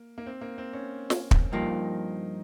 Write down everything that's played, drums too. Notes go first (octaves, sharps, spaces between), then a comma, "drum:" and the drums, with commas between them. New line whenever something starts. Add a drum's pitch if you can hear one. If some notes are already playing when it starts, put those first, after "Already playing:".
Already playing: A#3
A#3
C4
A#3
C4
C#4
drum: snare
drum: kick
G2 F3 A#3 D#4